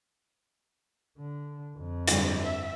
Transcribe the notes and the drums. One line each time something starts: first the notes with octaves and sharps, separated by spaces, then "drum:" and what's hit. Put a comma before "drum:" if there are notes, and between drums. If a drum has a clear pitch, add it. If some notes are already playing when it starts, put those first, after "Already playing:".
D3
F2
G2 D3 F#3, drum: hi-hat
E5